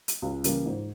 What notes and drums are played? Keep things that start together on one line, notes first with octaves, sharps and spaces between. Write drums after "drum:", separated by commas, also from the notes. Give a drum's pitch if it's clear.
drum: hi-hat
C#2
C#3 E3 G3 A#3, drum: hi-hat
G#2